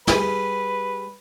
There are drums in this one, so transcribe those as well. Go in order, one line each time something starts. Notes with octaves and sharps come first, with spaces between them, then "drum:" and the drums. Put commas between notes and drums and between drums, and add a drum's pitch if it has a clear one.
G3 G#4 B4 D5, drum: snare